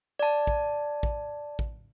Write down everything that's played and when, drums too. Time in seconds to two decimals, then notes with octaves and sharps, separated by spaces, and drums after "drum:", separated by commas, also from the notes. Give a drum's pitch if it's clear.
0.19 D5 A5
0.47 drum: kick
1.03 drum: kick
1.59 drum: kick